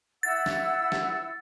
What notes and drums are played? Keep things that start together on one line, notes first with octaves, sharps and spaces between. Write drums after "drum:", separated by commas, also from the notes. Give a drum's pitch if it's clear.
E4 F#5 E6 A6
drum: snare
drum: snare